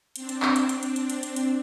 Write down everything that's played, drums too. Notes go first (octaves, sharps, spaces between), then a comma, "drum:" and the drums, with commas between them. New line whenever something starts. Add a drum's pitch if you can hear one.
C4 D4, drum: hi-hat
drum: hi-hat
drum: clap
drum: hi-hat
drum: hi-hat
drum: hi-hat
drum: hi-hat
drum: hi-hat
drum: hi-hat
drum: hi-hat